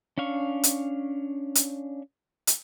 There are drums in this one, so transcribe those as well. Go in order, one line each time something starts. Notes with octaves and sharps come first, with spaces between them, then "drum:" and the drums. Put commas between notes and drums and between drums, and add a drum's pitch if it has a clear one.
C#4 D4 F5 C#6
drum: hi-hat
drum: hi-hat
drum: hi-hat